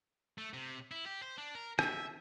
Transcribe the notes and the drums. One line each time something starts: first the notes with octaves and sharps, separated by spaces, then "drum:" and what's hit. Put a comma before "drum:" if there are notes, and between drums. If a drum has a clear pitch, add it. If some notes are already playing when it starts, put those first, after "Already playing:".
A3
C3
E4
G4
C5
D4
A#4
E5, drum: rim click